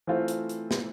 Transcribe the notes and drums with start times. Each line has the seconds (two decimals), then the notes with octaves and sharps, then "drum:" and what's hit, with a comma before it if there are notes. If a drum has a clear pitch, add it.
0.07 E3 A3 C4 F4 C5
0.28 drum: hi-hat
0.49 drum: hi-hat
0.71 drum: snare